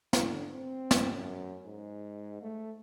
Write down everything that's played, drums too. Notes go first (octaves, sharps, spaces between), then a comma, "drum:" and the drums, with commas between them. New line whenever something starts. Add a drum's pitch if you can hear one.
D3, drum: snare
C4
drum: snare
F#2
G#2
A3